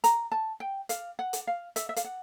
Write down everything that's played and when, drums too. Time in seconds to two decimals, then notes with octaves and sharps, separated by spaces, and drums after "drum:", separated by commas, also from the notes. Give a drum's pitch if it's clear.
0.04 A#5, drum: hi-hat
0.32 A5
0.60 G5
0.89 F5, drum: hi-hat
1.19 F#5
1.33 drum: hi-hat
1.47 F5
1.76 E5, drum: hi-hat
1.89 E5
1.96 F5, drum: hi-hat
2.05 F#5